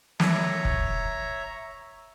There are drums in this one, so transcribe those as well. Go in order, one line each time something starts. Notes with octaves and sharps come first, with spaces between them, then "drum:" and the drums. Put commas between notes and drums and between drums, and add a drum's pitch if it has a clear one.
C#5 E5 A#5, drum: snare
drum: kick F1